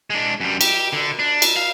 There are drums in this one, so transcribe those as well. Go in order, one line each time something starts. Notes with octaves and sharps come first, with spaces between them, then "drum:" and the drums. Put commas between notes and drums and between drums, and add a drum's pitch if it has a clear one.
G#3 D4
F#2 G3
G4, drum: cymbal
D3
D4
drum: cymbal
F5